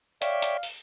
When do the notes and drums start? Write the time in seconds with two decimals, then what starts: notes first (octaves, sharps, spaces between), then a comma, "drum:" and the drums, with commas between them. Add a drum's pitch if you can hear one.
0.22 C#5 D5 E5 F5 G5, drum: hi-hat
0.42 drum: hi-hat
0.63 drum: open hi-hat